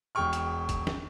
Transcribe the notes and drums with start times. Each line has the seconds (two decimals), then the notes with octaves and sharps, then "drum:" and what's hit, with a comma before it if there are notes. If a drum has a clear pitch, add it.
0.15 E1 G#4 G5 C#6 F6
0.33 drum: hi-hat
0.69 drum: kick, hi-hat
0.87 drum: snare